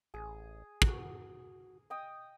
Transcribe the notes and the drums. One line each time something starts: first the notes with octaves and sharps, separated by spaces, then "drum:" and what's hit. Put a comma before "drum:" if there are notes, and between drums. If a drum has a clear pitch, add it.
A1 G#4
F#4, drum: kick
D#5 G5 D#6